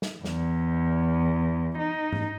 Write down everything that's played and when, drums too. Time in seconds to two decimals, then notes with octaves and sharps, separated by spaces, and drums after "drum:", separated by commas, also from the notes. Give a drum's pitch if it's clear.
0.02 drum: snare
0.24 E2, drum: snare
1.78 D#4
2.12 drum: tom G#2